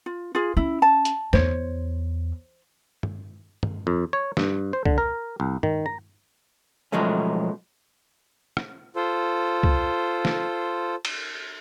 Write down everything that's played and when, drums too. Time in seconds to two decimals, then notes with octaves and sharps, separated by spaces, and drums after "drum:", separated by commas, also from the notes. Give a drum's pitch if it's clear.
0.06 F4
0.35 F4 G#4
0.57 C#4 E4
0.82 A5
1.05 drum: hi-hat
1.33 E2 C5 C#5, drum: snare
3.03 drum: tom G2
3.63 drum: tom G2
3.87 F2
4.13 C#5
4.37 G2, drum: snare
4.73 C5
4.85 D3, drum: kick
4.98 A#4
5.40 C2
5.63 D#3, drum: tom G2
5.86 A#5
6.92 B2 F3 F#3 G#3 A3 C#4
8.57 drum: rim click
8.96 F4 A4 C5
9.63 drum: kick
10.25 drum: snare
11.05 drum: cymbal